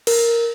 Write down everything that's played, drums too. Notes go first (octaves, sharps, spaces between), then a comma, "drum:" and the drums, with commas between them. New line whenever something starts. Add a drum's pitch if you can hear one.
A#4, drum: cymbal